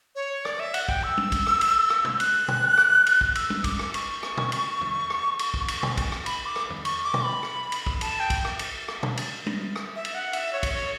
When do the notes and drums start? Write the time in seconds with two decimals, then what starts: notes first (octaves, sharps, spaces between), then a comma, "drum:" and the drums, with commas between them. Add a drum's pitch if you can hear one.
0.15 C#5
0.45 D5, drum: rim click
0.60 E5
0.74 F#5, drum: cymbal
0.89 G5, drum: kick
1.03 E6
1.17 drum: tom
1.32 drum: kick, cymbal
1.46 drum: rim click
1.61 drum: cymbal
1.90 drum: rim click
2.05 drum: tom
2.20 F#6, drum: cymbal
2.48 drum: tom
2.77 drum: rim click
3.06 drum: cymbal
3.21 drum: kick
3.35 E6, drum: cymbal
3.50 drum: tom
3.64 D6, drum: kick, cymbal
3.79 drum: rim click
3.94 C#6, drum: cymbal
4.23 drum: rim click
4.37 drum: tom
4.52 drum: cymbal
4.81 drum: tom E2
5.10 drum: rim click
5.39 drum: cymbal
5.54 drum: kick
5.68 drum: cymbal
5.83 drum: tom
5.97 drum: kick, cymbal
6.12 drum: rim click
6.26 B5, drum: cymbal
6.46 D6
6.56 drum: rim click
6.70 drum: tom E2
6.85 C#6, drum: cymbal
7.04 D6
7.14 drum: tom
7.24 B5
7.43 drum: rim click
7.72 drum: cymbal
7.86 drum: kick
8.01 A5, drum: cymbal
8.20 G5
8.30 drum: kick, cymbal
8.45 drum: rim click
8.59 drum: cymbal
8.88 drum: rim click
9.03 drum: tom
9.17 drum: cymbal
9.46 drum: tom
9.76 drum: rim click
9.96 E5
10.05 drum: cymbal
10.14 F#5
10.33 E5, drum: cymbal
10.53 C#5
10.63 drum: kick, cymbal
10.73 C#5